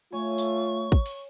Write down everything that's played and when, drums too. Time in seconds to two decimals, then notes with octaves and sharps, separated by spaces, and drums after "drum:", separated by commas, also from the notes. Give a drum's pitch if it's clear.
0.12 A3 F4 C#5 G#5 C#6
0.38 drum: tambourine
0.92 drum: kick
1.06 drum: open hi-hat